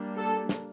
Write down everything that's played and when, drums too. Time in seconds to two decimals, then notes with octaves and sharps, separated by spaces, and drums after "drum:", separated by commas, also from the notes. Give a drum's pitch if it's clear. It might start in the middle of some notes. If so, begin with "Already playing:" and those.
Already playing: G3 A#3 D4
0.17 A4
0.49 drum: snare